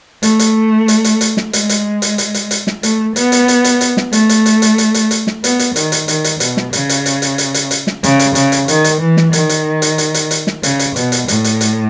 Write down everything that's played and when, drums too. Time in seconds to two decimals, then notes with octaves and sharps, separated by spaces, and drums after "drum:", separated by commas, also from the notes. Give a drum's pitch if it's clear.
0.23 A3, drum: hi-hat
0.39 drum: hi-hat
0.88 drum: hi-hat
1.04 drum: hi-hat
1.21 drum: hi-hat
1.37 drum: snare
1.53 G#3, drum: hi-hat
1.69 drum: hi-hat
2.02 drum: hi-hat
2.18 drum: hi-hat
2.34 drum: hi-hat
2.51 drum: hi-hat
2.67 drum: snare
2.83 A3, drum: hi-hat
3.16 B3, drum: hi-hat
3.32 drum: hi-hat
3.48 drum: hi-hat
3.64 drum: hi-hat
3.81 drum: hi-hat
3.97 drum: snare
4.13 A3, drum: hi-hat
4.29 drum: hi-hat
4.46 drum: hi-hat
4.62 drum: hi-hat
4.78 drum: hi-hat
4.94 drum: hi-hat
5.11 drum: hi-hat
5.27 drum: snare
5.44 B3, drum: hi-hat
5.59 drum: hi-hat
5.76 D#3, drum: hi-hat
5.92 drum: hi-hat
6.08 D#3, drum: hi-hat
6.24 drum: hi-hat
6.40 B2, drum: hi-hat
6.57 drum: snare
6.73 C#3, drum: hi-hat
6.89 drum: hi-hat
7.06 drum: hi-hat
7.22 drum: hi-hat
7.38 drum: hi-hat
7.54 drum: hi-hat
7.71 drum: hi-hat
7.87 drum: snare
8.03 C#3, drum: hi-hat
8.19 drum: hi-hat
8.35 C#3, drum: hi-hat
8.52 drum: hi-hat
8.68 D#3, drum: hi-hat
8.84 drum: hi-hat
9.01 E3
9.17 drum: snare
9.33 D#3, drum: hi-hat
9.49 drum: hi-hat
9.82 drum: hi-hat
9.98 drum: hi-hat
10.14 drum: hi-hat
10.31 drum: hi-hat
10.47 drum: snare
10.63 C#3, drum: hi-hat
10.79 drum: hi-hat
10.96 B2, drum: hi-hat
11.12 drum: hi-hat
11.28 A2, drum: hi-hat
11.44 drum: hi-hat
11.61 drum: hi-hat